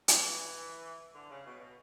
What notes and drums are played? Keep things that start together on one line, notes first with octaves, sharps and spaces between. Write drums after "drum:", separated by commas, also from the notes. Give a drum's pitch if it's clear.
E3, drum: hi-hat
D3
C#3
B2
B2